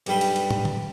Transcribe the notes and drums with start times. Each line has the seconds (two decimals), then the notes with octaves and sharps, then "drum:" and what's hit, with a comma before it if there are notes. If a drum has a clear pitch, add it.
0.06 B1 G2 G3 G4 B4 G5, drum: cymbal
0.21 drum: cymbal
0.36 drum: cymbal
0.51 drum: tom
0.65 drum: tom